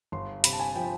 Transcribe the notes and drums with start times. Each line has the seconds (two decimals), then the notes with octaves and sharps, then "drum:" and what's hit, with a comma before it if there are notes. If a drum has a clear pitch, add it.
0.12 G1 C6
0.44 C3 B5, drum: hi-hat
0.53 A5
0.60 G#5
0.76 F3 G5